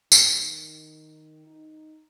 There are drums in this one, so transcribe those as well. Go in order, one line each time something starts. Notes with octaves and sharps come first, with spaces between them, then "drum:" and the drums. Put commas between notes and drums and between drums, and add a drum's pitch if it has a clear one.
D#3, drum: tambourine
D#4